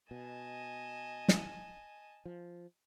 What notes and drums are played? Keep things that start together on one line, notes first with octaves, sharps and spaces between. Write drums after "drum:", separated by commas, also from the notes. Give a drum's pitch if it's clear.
B2 D#5 G#5 A5
drum: snare
F3